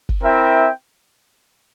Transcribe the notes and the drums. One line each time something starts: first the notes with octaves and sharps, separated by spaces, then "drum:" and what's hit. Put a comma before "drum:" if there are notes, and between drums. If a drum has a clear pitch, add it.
drum: kick
C4 E4 A#4 E5 G5